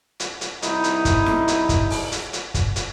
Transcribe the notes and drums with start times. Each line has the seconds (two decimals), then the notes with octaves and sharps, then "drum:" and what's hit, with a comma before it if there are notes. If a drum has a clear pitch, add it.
0.20 drum: hi-hat
0.41 drum: hi-hat
0.62 C2 D#4 E4, drum: hi-hat
0.84 drum: hi-hat
1.05 drum: kick, hi-hat
1.26 drum: snare
1.48 drum: hi-hat
1.69 drum: kick, hi-hat
1.90 drum: open hi-hat
2.12 drum: hi-hat
2.33 drum: hi-hat
2.54 drum: kick, hi-hat
2.76 drum: hi-hat